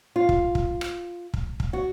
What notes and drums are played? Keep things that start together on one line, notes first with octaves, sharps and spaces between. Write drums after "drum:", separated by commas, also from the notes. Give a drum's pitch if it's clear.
F4
drum: kick
drum: kick
drum: rim click
drum: kick
drum: kick
F#4